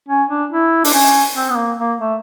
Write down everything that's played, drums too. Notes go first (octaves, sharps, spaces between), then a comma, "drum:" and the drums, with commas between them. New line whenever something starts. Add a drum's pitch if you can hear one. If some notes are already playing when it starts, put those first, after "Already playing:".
C#4
D4
E4
D4, drum: open hi-hat
C#4
C4
B3
A#3
A#3
A3